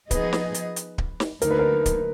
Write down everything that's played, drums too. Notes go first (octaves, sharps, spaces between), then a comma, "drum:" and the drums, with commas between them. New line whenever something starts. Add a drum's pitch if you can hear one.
F3 B3 D#4 G#4 B4 D#5, drum: kick D1, hi-hat
drum: snare
drum: hi-hat
drum: hi-hat
drum: kick D1
drum: snare
D2 D3 F#3 A#3 D#4 A#4, drum: hi-hat
B4
A#4
drum: kick D1, hi-hat